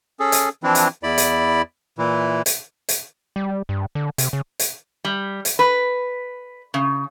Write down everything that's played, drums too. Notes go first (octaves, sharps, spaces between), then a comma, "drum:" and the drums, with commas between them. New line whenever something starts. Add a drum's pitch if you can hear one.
C#4 G#4 A4
drum: hi-hat
E3 F3 C4 D4 E4
drum: hi-hat
E2 E4 D5 B5
drum: hi-hat
A#2 E3 E4
drum: hi-hat
drum: hi-hat
G3
G2
D3
C3, drum: hi-hat
C#3
drum: hi-hat
G3
drum: hi-hat
B4
C#3